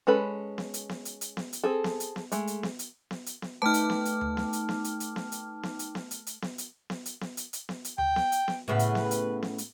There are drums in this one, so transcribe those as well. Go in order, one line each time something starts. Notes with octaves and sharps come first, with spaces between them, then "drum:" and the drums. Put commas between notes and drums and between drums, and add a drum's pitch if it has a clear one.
G#3 C#4 A4 B4 B5
drum: snare B3
drum: hi-hat
drum: snare B3
drum: hi-hat
drum: hi-hat
drum: snare B3
drum: hi-hat
C4 G#4 A4
drum: snare B3
drum: hi-hat
drum: snare B3
G#3 A3, drum: hi-hat
drum: hi-hat
drum: snare B3
drum: hi-hat
drum: snare B3
drum: hi-hat
drum: snare B3
A3 D#4 B4 G5 A5 D6 F6
drum: hi-hat
drum: snare B3
drum: hi-hat
drum: tom D2
drum: snare B3
drum: hi-hat
drum: snare B3
drum: hi-hat
drum: hi-hat
drum: snare B3
drum: hi-hat
drum: snare B3
drum: hi-hat
drum: snare B3
drum: hi-hat
drum: hi-hat
drum: snare B3
drum: hi-hat
drum: snare B3
drum: hi-hat
drum: snare B3
drum: hi-hat
drum: hi-hat
drum: snare B3
drum: hi-hat
G5, drum: tom D2
drum: snare B3
drum: hi-hat
drum: snare B3
A2 C#3 B3 B4
drum: hi-hat
drum: snare B3
drum: hi-hat
drum: snare B3
drum: hi-hat